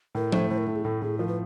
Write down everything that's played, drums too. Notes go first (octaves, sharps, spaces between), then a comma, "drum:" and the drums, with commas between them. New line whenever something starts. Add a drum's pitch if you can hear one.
A2 A#4
A3 C5, drum: tom F3
A2 C5
A#4
A2 A4
G#4
A2 A4
A2 G#4
F3 A#4
B4